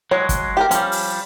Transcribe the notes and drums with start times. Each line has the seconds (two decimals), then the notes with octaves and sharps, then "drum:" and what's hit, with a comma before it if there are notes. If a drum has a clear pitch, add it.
0.11 F#3 G#3 C#5
0.29 drum: kick, hi-hat
0.57 G4 A4 A#4
0.71 F3 G3 C#4, drum: hi-hat
0.92 drum: open hi-hat